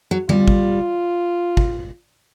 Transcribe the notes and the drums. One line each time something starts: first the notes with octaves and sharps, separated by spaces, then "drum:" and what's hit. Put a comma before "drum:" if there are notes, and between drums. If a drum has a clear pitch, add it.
F#3
G3 F4, drum: tom D3
drum: kick
drum: kick